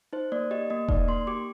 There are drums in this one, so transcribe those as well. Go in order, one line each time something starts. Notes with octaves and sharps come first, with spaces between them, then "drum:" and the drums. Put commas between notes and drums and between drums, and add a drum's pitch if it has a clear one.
D#4 C5
A#3 D5
G4 D#5
A#3 D#5
D#4 D5, drum: kick E1
A#3 C6
G4 D6